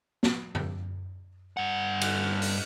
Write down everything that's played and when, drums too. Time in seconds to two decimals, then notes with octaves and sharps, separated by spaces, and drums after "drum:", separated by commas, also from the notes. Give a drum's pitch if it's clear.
0.23 drum: snare
0.55 drum: tom F#2
1.57 G2 F#5
2.01 drum: cymbal
2.42 drum: open hi-hat